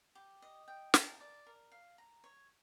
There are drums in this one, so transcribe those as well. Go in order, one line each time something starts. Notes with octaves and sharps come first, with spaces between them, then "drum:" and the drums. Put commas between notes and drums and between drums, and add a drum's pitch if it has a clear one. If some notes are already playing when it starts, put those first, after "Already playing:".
G4
D#5
G5
A#4, drum: snare
D5
A#4
F5
A#5
C#5